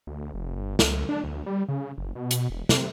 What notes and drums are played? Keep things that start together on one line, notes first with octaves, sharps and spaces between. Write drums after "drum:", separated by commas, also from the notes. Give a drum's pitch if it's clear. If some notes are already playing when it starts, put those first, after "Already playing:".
D2
F1
G1
C#2, drum: snare
D4
D2
G3
C#3
F#1
B2
drum: hi-hat
E1
C3, drum: snare